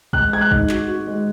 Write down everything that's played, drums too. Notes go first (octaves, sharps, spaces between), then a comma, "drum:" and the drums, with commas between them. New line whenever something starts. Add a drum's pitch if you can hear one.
G#3 F#6, drum: kick
G#3 G#6
F#6
D#4, drum: kick
F#4, drum: clap
F#4
G#3